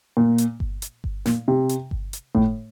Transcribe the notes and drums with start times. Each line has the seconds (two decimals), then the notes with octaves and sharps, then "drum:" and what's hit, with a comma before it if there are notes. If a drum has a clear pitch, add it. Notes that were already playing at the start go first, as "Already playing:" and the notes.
0.17 A#2
0.38 drum: hi-hat
0.60 drum: kick G1
0.82 drum: hi-hat
1.04 drum: kick G1
1.26 A#2, drum: snare
1.48 C3
1.69 drum: hi-hat
1.91 drum: kick G1
2.13 drum: hi-hat
2.35 A2, drum: kick G1